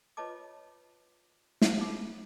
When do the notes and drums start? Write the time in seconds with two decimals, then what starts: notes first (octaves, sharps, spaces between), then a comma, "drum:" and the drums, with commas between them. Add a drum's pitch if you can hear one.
0.17 F4 B4 C#5 D#5 A5 D6
1.62 drum: snare
1.79 D#4 F4 D6